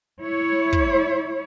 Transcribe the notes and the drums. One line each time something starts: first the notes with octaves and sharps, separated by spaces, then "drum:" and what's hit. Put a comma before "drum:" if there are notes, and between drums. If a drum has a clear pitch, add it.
E4 C#5
drum: kick